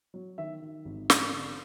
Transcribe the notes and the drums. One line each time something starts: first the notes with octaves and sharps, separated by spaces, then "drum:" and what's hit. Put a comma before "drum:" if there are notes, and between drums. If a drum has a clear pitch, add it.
F#3
D#3 E5
D#3
G#1
G#1 D5, drum: snare
D3